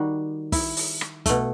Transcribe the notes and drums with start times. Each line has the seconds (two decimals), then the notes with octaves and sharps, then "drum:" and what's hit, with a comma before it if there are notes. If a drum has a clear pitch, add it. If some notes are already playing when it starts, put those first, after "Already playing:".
Already playing: D#3 G3 F#4
0.52 E4, drum: kick, open hi-hat
0.77 drum: open hi-hat
1.01 drum: rim click
1.26 B2 A3, drum: kick, hi-hat